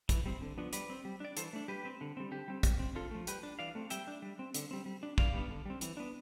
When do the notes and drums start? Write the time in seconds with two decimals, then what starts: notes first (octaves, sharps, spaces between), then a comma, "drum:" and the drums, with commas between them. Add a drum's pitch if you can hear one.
0.09 E3, drum: kick, hi-hat
0.26 G3 C4
0.42 D3
0.58 F3 B3 D4
0.73 G3 B4 D5, drum: hi-hat
0.90 C4
1.05 G3
1.20 D4 D5
1.37 E3 A4 C5, drum: hi-hat
1.53 A3 D4
1.68 G3 G4 B4
1.85 C4
2.01 D3
2.17 G3 C4
2.31 D3 G4
2.48 G3 C4
2.63 G3, drum: kick, hi-hat
2.79 C4
2.95 D3 F4 A4
3.11 F3 A3
3.27 G3 G4 B4, drum: hi-hat
3.43 D4
3.59 E3 D5 F5
3.75 A3 C4
3.90 G3 E5 G5, drum: hi-hat
4.07 D4
4.22 G3
4.39 C4
4.54 D3, drum: hi-hat
4.71 G3 C4
4.86 G3
5.03 D4
5.18 E3 D5 F5, drum: kick
5.33 G3 B3 D4
5.50 D3
5.66 G3 C4
5.81 E3, drum: hi-hat
5.97 B3 D4